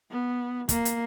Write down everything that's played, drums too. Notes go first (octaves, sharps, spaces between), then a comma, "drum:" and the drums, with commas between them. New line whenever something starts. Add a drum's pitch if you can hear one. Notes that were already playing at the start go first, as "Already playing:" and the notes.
B3
A#3, drum: kick, hi-hat
drum: hi-hat